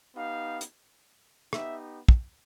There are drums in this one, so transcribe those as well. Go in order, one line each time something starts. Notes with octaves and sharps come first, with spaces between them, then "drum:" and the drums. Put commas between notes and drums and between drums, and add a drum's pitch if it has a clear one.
B3 D#4 G4 F5
drum: hi-hat
B3 D#4 G4 E5, drum: rim click
drum: kick